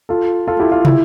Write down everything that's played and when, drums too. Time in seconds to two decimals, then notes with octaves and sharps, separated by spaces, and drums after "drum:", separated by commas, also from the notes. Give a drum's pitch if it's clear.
0.09 F4 A4
0.48 F4 A4
0.60 E4 G4
0.72 F4
0.85 E4, drum: tom